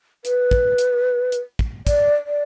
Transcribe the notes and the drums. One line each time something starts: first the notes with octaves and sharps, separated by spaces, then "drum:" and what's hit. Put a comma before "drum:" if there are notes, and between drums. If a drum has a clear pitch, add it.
B4, drum: hi-hat
drum: kick
drum: hi-hat
drum: hi-hat
drum: kick
D5, drum: kick, hi-hat
D5